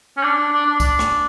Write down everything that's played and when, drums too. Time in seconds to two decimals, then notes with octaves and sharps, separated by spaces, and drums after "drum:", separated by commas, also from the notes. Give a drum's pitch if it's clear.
0.17 C#4
0.23 D4
0.37 D4
0.52 D4
0.66 D4
0.80 D4, drum: kick, tambourine
0.99 drum: rim click